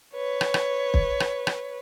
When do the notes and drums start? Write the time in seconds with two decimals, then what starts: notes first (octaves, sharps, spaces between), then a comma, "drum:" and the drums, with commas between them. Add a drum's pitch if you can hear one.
0.14 B4 C#5
0.41 drum: rim click
0.54 drum: rim click
0.94 drum: kick
1.20 drum: rim click
1.47 drum: rim click